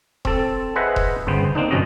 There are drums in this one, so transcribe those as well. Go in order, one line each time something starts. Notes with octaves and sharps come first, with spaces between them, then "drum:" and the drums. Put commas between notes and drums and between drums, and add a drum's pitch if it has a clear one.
C4 A4, drum: kick E1
G#4 B4 C5 D#5 E5 F#5
drum: kick E1
G1 C#3 B3 C5 G5
A#3 C4 D4 D#4
G1 F#2 B2 C#4 D#5